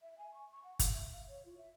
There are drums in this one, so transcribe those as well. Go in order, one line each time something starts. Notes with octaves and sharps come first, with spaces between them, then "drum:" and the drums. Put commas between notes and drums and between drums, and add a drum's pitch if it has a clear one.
E5
G#5
C#6
C#6
F#5
F5, drum: kick, hi-hat
E5
F5
C#5
F4
E5